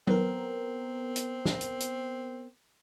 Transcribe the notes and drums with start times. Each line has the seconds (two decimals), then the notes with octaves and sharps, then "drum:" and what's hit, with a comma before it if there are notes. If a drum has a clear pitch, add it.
0.07 B3 C4 A#4, drum: tom F#3
1.16 drum: hi-hat
1.45 drum: snare
1.61 drum: hi-hat
1.80 drum: hi-hat